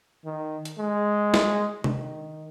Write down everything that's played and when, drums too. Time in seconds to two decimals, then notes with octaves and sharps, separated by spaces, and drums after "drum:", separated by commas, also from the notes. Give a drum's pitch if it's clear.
0.25 D#3
0.65 drum: hi-hat
0.78 G#3
1.34 drum: snare
1.84 D#3, drum: tom C3